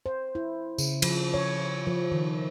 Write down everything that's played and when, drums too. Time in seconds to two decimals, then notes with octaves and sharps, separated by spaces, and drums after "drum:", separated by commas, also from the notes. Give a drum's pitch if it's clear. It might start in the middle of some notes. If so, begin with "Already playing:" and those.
0.06 C5
0.35 E4
0.78 C#3, drum: tambourine
1.02 F3, drum: cymbal
1.34 C#5
1.87 F3
2.12 D#3